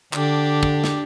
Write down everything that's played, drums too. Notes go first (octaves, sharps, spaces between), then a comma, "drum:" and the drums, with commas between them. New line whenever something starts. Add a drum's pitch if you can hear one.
D3 D4 G4, drum: clap
drum: kick
drum: snare